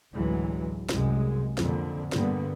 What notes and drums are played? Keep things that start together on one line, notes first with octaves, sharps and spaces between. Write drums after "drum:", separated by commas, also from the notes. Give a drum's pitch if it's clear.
A1 D2 E3 F#3 G#3
C2 F#2 C3 G#3, drum: snare
F2 A#2 D3, drum: snare
G2 D3 G3 A#3 B3, drum: snare